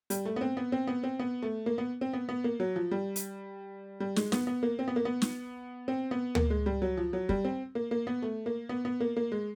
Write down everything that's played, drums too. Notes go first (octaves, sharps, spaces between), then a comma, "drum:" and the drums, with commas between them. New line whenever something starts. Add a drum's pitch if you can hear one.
G3, drum: hi-hat
A3
B3
C4
B3
C4
B3
C4
B3
A3
A#3
B3
C4
B3
B3
A#3
F#3
F3
G3
drum: hi-hat
G3
G#3, drum: snare
B3, drum: snare
B3
A#3
C4
B3
A#3
B3
drum: snare
C4
B3
A#3, drum: tom D2
G#3
G3
F#3
F3
F#3
G3, drum: kick
C4
A#3
A#3
B3
A3
A#3
B3
B3
A#3
A#3
G#3